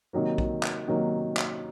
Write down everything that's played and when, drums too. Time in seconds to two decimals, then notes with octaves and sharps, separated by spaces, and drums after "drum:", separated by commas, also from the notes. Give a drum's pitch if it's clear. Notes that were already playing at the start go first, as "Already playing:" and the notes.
0.13 C3 D#3 F#3 A#3
0.38 drum: kick
0.63 drum: clap
0.88 C3 D#3 F#3 A#3
1.37 drum: clap